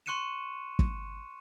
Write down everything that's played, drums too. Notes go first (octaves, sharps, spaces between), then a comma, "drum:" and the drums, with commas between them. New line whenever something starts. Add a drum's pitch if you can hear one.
C6 C#6 F#6 C#7 D#7 E7
drum: kick